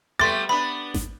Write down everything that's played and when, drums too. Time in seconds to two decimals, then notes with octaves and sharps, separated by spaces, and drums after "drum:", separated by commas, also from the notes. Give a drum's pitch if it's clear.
0.19 G3 A3 B3 C6 D6 A6
0.49 B3 D4 B5
0.94 drum: snare G#1